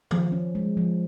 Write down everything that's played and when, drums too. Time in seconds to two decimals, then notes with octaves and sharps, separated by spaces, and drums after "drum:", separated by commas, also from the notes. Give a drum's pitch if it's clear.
0.11 F3, drum: tom D#3
0.32 C#4
0.55 G#3
0.77 F3